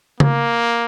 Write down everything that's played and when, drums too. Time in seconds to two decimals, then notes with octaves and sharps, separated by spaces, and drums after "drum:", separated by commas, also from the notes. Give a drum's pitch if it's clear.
0.20 A#3, drum: tom C#3